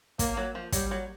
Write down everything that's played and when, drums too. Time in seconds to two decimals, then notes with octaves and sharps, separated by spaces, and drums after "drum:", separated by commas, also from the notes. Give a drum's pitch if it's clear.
0.19 F#3 A#3, drum: kick, hi-hat
0.37 F#3
0.55 F3
0.72 F#3 G3, drum: kick, hi-hat
0.91 F#3